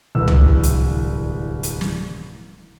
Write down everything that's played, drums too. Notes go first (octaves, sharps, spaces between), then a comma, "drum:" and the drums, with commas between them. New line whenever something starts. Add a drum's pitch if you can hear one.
D1 C2 E3 E6
drum: tom
drum: hi-hat
drum: hi-hat
drum: snare